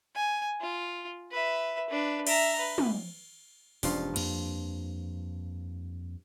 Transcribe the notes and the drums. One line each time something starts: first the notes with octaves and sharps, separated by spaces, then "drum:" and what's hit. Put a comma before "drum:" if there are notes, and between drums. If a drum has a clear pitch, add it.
G#5
F4
B4 E5
D4 B4
E5 A#5, drum: cymbal
B4
drum: tom
E1 G2 F3 C#4 F5, drum: open hi-hat
F2 A#3, drum: cymbal